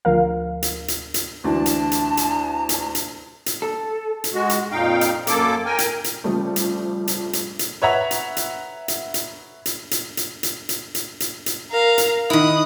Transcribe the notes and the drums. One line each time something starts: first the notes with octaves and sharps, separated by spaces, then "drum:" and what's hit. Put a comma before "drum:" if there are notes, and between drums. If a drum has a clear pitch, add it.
D2 F3 A#4 F5
drum: hi-hat
drum: hi-hat
drum: hi-hat
D2 E3 D4 A5
drum: hi-hat
drum: hi-hat
drum: hi-hat
drum: hi-hat
drum: hi-hat
drum: hi-hat
A4
drum: hi-hat
G#3 F#4
drum: hi-hat
F2 A#2 D#4 F5 G5
drum: hi-hat
F#2 A#3 A4 D6, drum: hi-hat
A#4 G5 G#5
drum: hi-hat
drum: hi-hat
C#3 F3 G3 A3
drum: hi-hat
drum: hi-hat
drum: hi-hat
drum: hi-hat
B4 C#5 E5 F#5 A#5
drum: hi-hat
drum: hi-hat
drum: hi-hat
drum: hi-hat
drum: hi-hat
drum: hi-hat
drum: hi-hat
drum: hi-hat
drum: hi-hat
drum: hi-hat
drum: hi-hat
drum: hi-hat
A#4 F5 A#5
drum: hi-hat
D#3 E4 D#6 F#6